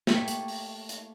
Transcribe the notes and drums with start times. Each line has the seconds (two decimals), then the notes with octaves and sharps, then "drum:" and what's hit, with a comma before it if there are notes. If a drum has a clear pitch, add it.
0.07 A3 A#3 G4 C#5, drum: snare
0.28 drum: hi-hat
0.48 drum: open hi-hat
0.89 drum: hi-hat